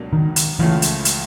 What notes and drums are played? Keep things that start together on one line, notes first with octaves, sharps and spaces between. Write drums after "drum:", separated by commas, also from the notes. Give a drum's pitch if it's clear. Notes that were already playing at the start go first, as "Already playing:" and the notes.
Already playing: C#2 B2 F#3 A#3 D4
D#3
drum: hi-hat
C#2 C#3 E3 F3 A3
drum: hi-hat
drum: hi-hat